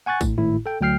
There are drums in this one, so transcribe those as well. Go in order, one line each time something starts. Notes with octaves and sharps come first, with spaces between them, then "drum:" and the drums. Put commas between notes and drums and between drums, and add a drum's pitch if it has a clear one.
F#5 G#5 C#6 F#6 A6
A2, drum: kick, tambourine
G#1 A2 E4
A4 G5
D2 F#3 G5 F6 C7